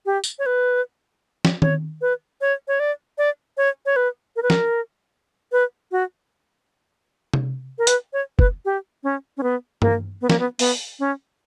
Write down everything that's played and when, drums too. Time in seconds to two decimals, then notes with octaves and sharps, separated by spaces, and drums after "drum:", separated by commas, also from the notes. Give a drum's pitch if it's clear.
0.06 G4
0.24 drum: tambourine
0.39 C#5
0.46 B4
1.45 drum: snare
1.62 C#5, drum: tom D#3
2.01 B4
2.41 C#5
2.68 C#5
2.80 D5
3.18 D5
3.57 C#5
3.86 C#5
3.96 B4
4.36 A#4
4.43 B4
4.50 A#4, drum: snare
5.52 B4
5.92 F#4
7.33 drum: tom C3
7.78 A#4
7.87 B4, drum: hi-hat
8.13 C#5
8.39 B4, drum: kick
8.65 G4
9.04 C#4
9.37 C#4
9.43 B3
9.82 A#3, drum: tom G2
10.21 B3
10.30 A#3, drum: snare
10.39 B3
10.59 B3, drum: open hi-hat
10.99 C#4